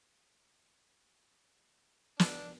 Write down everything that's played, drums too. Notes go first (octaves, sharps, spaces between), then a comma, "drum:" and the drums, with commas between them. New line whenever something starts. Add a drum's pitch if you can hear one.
D4, drum: snare